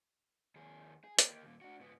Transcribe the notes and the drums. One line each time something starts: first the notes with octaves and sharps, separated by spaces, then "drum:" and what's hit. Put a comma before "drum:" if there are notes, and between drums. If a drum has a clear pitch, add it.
D#2 G#4
G#4
A#3 G4, drum: hi-hat
D#2 A#2
D4 F#4
G#2 B3